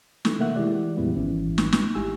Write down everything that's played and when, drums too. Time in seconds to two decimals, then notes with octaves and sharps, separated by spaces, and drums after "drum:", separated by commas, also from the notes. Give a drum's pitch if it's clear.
0.25 E3 A3, drum: snare
0.39 C3 A3 A#3 E5 F#5 F#6
0.56 E3 G#3 E4 G4 D5
0.97 F2 A#2 E3 G3 B3 E4
1.15 G#1 E3 C#4
1.58 drum: snare
1.72 drum: snare
1.95 G#1 E4 G4 G#5 E6